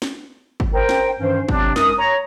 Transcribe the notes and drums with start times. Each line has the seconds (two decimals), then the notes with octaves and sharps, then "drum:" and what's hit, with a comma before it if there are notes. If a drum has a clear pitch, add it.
0.02 drum: snare
0.60 drum: kick
0.73 A#4 C5 G5
0.89 drum: snare
1.19 G2 D#3 E3 C#4 C5
1.49 C3 F#3 C4 D4, drum: kick
1.76 F#2 G#3 D#4 A#4 D#6, drum: snare
1.97 C#5 A#5